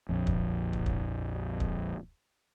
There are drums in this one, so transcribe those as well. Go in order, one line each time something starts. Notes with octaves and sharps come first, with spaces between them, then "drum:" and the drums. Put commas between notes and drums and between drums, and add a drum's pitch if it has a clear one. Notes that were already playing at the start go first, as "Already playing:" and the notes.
A#1 F2
drum: kick
drum: kick
drum: kick
drum: kick